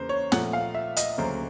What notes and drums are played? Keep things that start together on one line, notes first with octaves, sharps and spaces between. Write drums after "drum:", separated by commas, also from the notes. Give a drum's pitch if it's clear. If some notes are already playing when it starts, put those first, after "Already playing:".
Already playing: E2 C#3 A#3 B4 C5
C#5
A#2 F3 A3 F#5, drum: snare
F5
E5
D#5, drum: hi-hat
D2 C#3 F#3 A#3 C5